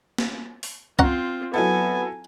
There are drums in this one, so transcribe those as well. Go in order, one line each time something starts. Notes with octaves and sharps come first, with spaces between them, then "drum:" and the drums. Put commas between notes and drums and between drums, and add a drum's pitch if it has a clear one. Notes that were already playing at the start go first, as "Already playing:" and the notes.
drum: snare
drum: open hi-hat
C4 C#4 F4 F#5 A#5, drum: kick
F#3 B3 E4 A4 G#5